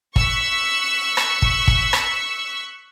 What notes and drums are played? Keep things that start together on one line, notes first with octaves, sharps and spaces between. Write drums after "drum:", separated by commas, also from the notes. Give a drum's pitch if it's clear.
C#6 E6 F#6 B6, drum: kick
drum: rim click
drum: kick
drum: kick
drum: rim click